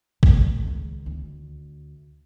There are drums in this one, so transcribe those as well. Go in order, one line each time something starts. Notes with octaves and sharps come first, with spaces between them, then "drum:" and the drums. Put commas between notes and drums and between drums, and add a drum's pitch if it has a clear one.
A3, drum: kick
C#2 D#3
D2